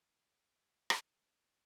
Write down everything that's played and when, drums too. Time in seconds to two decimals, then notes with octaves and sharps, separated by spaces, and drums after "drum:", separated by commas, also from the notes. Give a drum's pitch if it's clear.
0.19 G2 D3 E3
0.90 drum: rim click